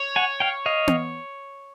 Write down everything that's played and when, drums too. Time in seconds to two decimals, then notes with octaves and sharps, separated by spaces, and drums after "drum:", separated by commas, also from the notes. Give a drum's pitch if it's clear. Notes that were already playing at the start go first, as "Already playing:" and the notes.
Already playing: C#5
0.16 F#5 G#5
0.40 F5 G5
0.66 D#5 F5
0.87 drum: tom B3